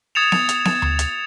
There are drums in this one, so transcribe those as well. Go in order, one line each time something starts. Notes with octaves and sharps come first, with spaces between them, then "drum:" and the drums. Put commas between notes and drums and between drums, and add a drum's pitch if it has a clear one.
D#6 G#6 A6 C#7 E7 F7
drum: snare B3
drum: hi-hat
drum: snare B3
drum: tom D2
drum: hi-hat